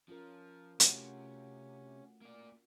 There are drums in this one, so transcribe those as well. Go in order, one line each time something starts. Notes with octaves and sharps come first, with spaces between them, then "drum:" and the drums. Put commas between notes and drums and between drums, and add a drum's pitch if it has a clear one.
F3 C#4 F4 A#4
C3 A3 C#4 F4 F#4 F#5, drum: hi-hat
A#3 D5